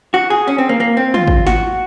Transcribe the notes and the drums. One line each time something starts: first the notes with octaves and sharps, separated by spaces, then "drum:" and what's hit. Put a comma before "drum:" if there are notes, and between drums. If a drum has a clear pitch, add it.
F#4
G#4
C#4
C4
A#3
A#3
C4
F4, drum: tom
drum: kick G#1
F#4, drum: snare